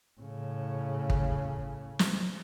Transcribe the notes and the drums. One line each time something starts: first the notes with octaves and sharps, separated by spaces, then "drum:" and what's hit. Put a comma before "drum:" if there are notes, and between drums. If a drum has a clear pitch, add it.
A2 C#3
drum: kick
drum: snare